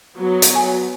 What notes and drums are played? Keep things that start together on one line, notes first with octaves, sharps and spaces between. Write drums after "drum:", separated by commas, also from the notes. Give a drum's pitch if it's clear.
F#3 B3
drum: hi-hat
G#5